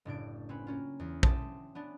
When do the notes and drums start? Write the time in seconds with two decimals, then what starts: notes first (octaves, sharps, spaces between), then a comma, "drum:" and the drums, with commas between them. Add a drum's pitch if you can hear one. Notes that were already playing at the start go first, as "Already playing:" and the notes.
0.05 F#1 A2 D4 D7
0.49 C4 C#4 B4
0.67 A#3 C#4 F4
1.00 E2
1.23 G4 E5 A5 C6 D#6, drum: kick A#1
1.75 B3 C#4 D4